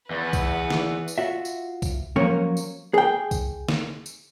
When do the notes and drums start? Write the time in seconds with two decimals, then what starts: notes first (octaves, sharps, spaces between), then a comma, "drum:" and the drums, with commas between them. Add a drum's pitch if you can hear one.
0.10 E2 B4 F#5
0.33 drum: kick B1, tambourine
0.70 drum: snare
1.08 drum: tambourine
1.18 F4 F#4 E5
1.45 drum: tambourine
1.82 drum: kick B1, tambourine
2.16 F3 F#3 A#3 C#4
2.57 drum: tambourine
2.94 G#4 G5
3.31 drum: kick B1, tambourine
3.69 drum: snare
4.06 drum: tambourine